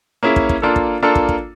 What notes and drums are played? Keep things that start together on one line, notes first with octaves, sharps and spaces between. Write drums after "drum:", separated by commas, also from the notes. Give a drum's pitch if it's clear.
A#3 C#4 E4 G#4
drum: kick
drum: kick
A#3 D4 F4 A4
drum: kick
A#3 D4 F4 A4
drum: kick
drum: kick